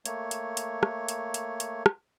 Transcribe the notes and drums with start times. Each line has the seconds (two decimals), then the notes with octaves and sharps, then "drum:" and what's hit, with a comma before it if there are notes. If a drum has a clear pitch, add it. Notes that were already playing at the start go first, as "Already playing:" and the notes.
0.05 A3 A#3 C#5, drum: hi-hat
0.31 drum: hi-hat
0.57 drum: hi-hat
0.83 drum: rim click
1.08 drum: hi-hat
1.34 drum: hi-hat
1.60 drum: hi-hat
1.86 drum: rim click